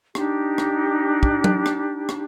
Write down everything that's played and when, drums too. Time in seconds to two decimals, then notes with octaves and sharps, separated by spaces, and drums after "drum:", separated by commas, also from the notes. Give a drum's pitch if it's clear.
0.15 D4 D#4 G4, drum: rim click
0.58 drum: rim click
1.23 drum: kick
1.44 drum: tom F#3
1.66 drum: rim click
2.09 drum: rim click